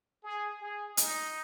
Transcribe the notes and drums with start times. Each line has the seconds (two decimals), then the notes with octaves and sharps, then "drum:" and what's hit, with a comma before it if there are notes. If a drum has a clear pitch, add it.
0.23 G#4
0.60 G#4
0.97 D#4, drum: hi-hat